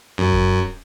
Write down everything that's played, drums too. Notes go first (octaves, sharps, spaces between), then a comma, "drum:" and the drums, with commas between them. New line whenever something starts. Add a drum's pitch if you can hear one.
F#2
drum: kick